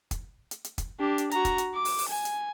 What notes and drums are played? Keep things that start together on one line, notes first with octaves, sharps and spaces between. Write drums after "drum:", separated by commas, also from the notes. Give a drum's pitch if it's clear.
drum: kick, hi-hat
drum: hi-hat
drum: hi-hat
drum: kick, hi-hat
D4 G4
drum: hi-hat
F#4 A#5, drum: hi-hat
drum: kick, hi-hat
drum: hi-hat
D6
drum: open hi-hat
drum: open hi-hat
G#5
drum: hi-hat